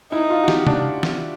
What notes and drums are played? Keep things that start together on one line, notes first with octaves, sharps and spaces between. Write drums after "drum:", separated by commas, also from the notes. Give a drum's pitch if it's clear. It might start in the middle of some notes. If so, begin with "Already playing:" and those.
D#4 E4
F4
F#4
G4, drum: snare
D4, drum: tom
drum: snare